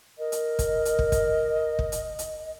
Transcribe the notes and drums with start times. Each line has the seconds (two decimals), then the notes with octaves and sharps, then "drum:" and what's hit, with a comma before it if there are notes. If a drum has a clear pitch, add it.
0.19 A#4 D#5
0.32 drum: hi-hat
0.59 drum: kick, hi-hat
0.85 drum: hi-hat
0.99 drum: kick
1.12 drum: kick, hi-hat
1.79 drum: kick
1.92 drum: hi-hat
2.19 drum: hi-hat